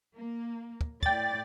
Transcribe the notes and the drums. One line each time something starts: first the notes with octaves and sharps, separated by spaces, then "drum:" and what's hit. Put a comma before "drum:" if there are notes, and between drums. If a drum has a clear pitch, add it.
A#3
drum: kick
A2 D5 G5 A6, drum: kick